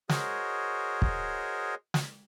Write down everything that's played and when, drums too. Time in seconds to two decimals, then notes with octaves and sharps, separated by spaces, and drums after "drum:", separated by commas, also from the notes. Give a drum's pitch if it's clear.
0.09 F#4 G#4 A#4 C5 C#5 D#5, drum: snare
1.02 drum: kick
1.94 drum: snare